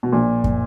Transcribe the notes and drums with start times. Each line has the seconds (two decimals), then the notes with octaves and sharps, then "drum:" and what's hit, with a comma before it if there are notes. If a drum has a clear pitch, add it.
0.03 B2
0.12 A#1 A#2
0.44 drum: kick